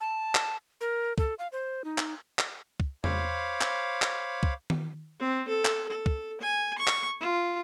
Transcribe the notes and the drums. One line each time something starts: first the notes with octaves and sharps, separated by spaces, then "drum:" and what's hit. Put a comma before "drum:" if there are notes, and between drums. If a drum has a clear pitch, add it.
A5
drum: clap
A#4
A4, drum: kick
F5
C5
D#4
drum: clap
drum: clap
drum: kick
C5 C#5 F5 B5 D6, drum: tom E2
drum: clap
drum: clap
drum: kick
drum: tom D#3
C4
A4
drum: clap
A4
drum: kick
G#5
C#6
drum: clap
F4